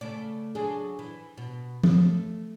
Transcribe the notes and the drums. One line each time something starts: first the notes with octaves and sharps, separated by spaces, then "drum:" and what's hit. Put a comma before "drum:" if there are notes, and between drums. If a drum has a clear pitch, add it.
C#3 A3 D5
F#3 D4 G#4
E3
B2
A3, drum: tom F3